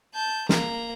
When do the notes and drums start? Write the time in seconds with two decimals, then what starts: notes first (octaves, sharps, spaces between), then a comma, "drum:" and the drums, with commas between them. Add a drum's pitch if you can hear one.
0.14 A5 G6
0.49 A#3 A#5, drum: snare